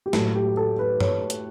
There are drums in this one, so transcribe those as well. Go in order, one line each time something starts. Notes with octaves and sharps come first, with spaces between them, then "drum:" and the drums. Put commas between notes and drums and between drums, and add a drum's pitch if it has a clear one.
G4
A2 F#3 A4, drum: snare
G4
A4
B4
C#5, drum: tom
drum: hi-hat